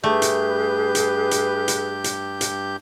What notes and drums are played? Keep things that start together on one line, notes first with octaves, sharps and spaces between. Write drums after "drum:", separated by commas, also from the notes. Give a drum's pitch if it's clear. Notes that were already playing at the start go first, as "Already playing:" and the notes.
G2 A3 G4 G#4 B4 G6
drum: hi-hat
drum: hi-hat
drum: hi-hat
drum: hi-hat
drum: hi-hat
drum: hi-hat